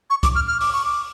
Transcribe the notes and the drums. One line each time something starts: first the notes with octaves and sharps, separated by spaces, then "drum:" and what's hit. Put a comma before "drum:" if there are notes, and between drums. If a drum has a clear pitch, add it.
C#6
D6, drum: kick C2, hi-hat
F6
F6
D6, drum: open hi-hat
C#6
D6